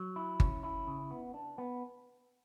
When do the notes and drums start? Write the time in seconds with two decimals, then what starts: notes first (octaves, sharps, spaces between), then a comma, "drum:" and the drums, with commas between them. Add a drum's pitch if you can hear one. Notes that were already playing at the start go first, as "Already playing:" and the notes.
Already playing: F#3
0.16 E4
0.40 C#4, drum: kick G1
0.63 E4
0.87 C#3
1.11 B3
1.34 D4
1.58 B3